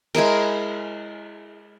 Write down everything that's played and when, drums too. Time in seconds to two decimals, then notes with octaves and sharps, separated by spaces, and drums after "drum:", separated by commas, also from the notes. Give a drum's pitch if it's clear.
0.15 G#3 E4 G#4 A#4, drum: cymbal